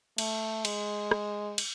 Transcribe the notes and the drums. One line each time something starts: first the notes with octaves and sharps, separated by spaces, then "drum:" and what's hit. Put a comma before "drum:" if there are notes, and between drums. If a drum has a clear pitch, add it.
A3, drum: cymbal
G#3, drum: cymbal
drum: rim click
drum: cymbal